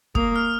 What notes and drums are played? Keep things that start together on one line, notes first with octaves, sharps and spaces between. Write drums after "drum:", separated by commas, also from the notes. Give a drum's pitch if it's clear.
A#3 D#6, drum: kick
F6